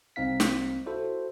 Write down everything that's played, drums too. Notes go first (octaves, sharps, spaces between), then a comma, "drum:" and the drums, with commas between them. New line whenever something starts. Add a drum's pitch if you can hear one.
C2 C4 D#4 F5 B6
drum: snare
E4 F#4 A4 C5